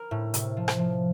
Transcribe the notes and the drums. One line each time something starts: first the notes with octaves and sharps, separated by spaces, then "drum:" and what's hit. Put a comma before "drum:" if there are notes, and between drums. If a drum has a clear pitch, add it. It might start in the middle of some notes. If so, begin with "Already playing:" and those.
Already playing: A#4
A2
C3, drum: hi-hat
F3
drum: rim click
F3